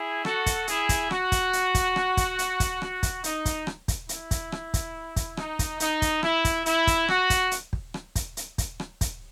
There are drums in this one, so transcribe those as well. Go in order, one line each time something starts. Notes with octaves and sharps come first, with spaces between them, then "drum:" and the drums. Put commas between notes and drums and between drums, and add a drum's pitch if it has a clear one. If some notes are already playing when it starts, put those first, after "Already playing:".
Already playing: E4 G#4
F#4 A4, drum: rim click
drum: kick, hi-hat
E4 G#4, drum: hi-hat
drum: kick, hi-hat
F#4, drum: rim click
drum: kick, hi-hat
drum: hi-hat
drum: kick, hi-hat
drum: rim click
drum: kick, hi-hat
drum: hi-hat
drum: kick, hi-hat
F#4, drum: rim click
drum: kick, hi-hat
D#4, drum: hi-hat
drum: kick, hi-hat
drum: rim click
drum: kick, hi-hat
E4, drum: hi-hat
drum: kick, hi-hat
drum: rim click
drum: kick, hi-hat
drum: kick, hi-hat
D#4, drum: rim click
drum: kick, hi-hat
D#4, drum: hi-hat
drum: kick, hi-hat
E4, drum: rim click
drum: kick, hi-hat
E4, drum: hi-hat
drum: kick, hi-hat
F#4, drum: rim click
drum: kick, hi-hat
drum: hi-hat
drum: kick
drum: rim click
drum: kick, hi-hat
drum: hi-hat
drum: kick, hi-hat
drum: rim click
drum: kick, hi-hat